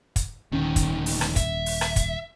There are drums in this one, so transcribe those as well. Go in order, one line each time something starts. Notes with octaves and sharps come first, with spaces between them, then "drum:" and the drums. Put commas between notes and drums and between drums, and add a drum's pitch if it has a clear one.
drum: kick, hi-hat
D#1 D2 D#3 C#4
drum: kick, hi-hat
drum: open hi-hat
drum: rim click
E5, drum: kick, hi-hat
drum: open hi-hat
drum: rim click
drum: kick, hi-hat